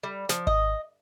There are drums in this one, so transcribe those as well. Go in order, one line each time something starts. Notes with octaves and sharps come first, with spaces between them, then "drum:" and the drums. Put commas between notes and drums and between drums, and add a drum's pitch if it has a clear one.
G3
F3, drum: snare
D#5, drum: kick G#1